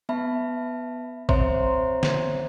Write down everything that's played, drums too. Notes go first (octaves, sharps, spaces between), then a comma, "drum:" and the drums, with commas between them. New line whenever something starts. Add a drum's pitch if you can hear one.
B3 E5 A5 B5
C4 C5 C#5 E5 A#5 C6, drum: kick
drum: snare